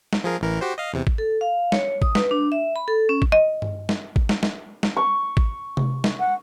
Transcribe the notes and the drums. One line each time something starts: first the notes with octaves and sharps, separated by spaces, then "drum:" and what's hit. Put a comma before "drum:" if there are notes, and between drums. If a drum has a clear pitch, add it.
drum: snare
F3 G#4 A#4
A1 E3 A#4
F#4 G4 C5
D#5 F5
E2 C3
drum: kick G#1
A4
F5
C#5, drum: snare
D#6, drum: kick G#1
B4, drum: snare
D4
E5
B5
A4
C#4
drum: kick G#1
D#5
drum: tom G2
drum: snare
drum: kick G#1
drum: snare
drum: snare
drum: snare
C#6
drum: kick G#1
drum: tom C3
drum: snare
F#5